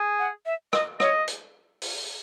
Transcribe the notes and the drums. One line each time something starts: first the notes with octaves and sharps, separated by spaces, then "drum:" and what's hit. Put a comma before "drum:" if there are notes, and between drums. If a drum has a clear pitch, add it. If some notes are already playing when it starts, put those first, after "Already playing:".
Already playing: G#4
F#5
E5
D#5, drum: rim click
C#5 D#5, drum: rim click
drum: hi-hat
drum: open hi-hat